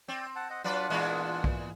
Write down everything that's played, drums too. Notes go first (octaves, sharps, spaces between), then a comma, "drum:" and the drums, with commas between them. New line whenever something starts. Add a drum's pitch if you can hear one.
C4 D5 G5
F#5 A5
D#5 F#5
F#3 D4 F4 B4 D5 F#5
E2 A#2 G#3
drum: kick B1